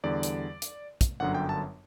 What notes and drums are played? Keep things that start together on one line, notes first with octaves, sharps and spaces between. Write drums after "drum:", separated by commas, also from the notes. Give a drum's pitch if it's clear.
E2 D3 G3 D5
drum: hi-hat
drum: hi-hat
drum: kick, hi-hat
G1 F#2 D3 F#3 F#5
G5
A5